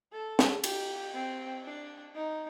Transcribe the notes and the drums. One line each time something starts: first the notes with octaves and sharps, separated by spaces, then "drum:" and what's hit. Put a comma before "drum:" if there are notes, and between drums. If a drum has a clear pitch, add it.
A4
drum: snare
G4, drum: cymbal
C4
D4
D#4